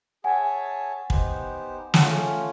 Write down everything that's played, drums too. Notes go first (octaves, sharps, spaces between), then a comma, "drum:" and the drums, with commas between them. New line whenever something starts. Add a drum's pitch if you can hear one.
G#4 C#5 E5 F#5 G#5 A5
B3 D#4 G4 C5, drum: kick
A3 C#4 F4 F#5 G#5, drum: snare